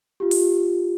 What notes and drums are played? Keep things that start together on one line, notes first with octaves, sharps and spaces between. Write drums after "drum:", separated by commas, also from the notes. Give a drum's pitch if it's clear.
F4 G4
drum: open hi-hat